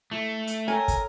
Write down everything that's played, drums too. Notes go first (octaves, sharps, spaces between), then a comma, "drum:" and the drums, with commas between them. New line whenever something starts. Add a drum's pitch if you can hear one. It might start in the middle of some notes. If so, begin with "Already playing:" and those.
A3 E4
drum: hi-hat
A4 A#4 C#5 G5 G#5
drum: kick, hi-hat